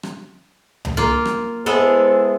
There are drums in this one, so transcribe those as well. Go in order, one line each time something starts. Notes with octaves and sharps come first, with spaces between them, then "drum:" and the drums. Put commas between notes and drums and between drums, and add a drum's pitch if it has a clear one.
drum: rim click
drum: tom C#2
A#3 F4
drum: rim click
G#3 B3 E4 G#4 A4 C5